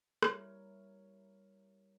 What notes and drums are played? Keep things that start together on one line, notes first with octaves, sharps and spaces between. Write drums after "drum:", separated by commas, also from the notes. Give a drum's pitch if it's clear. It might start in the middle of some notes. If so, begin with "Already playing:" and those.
G3 E4 A#4 C#5, drum: rim click